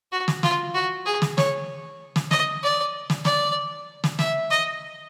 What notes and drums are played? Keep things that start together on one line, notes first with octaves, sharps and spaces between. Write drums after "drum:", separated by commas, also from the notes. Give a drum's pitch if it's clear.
F#4
drum: snare
F4, drum: snare
F#4
G#4
drum: snare
C#5, drum: snare
drum: snare
D#5, drum: snare
D5
drum: snare
D5, drum: snare
drum: snare
E5, drum: snare
D#5